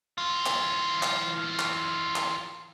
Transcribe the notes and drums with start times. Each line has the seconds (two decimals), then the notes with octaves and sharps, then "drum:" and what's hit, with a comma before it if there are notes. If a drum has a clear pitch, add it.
0.18 E3 F4
0.46 drum: clap
1.03 drum: clap
1.59 drum: clap
2.16 drum: clap